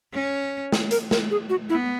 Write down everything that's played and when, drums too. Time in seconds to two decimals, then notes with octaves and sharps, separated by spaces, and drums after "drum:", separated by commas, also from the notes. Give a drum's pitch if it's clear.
0.13 C#4
0.72 drum: snare
0.91 A#4, drum: hi-hat
1.11 A#4, drum: snare
1.31 G#4
1.50 F#4
1.69 B3 E4